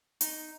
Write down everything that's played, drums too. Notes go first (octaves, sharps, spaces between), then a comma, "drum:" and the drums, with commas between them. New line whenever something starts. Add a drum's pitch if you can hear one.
D#4, drum: hi-hat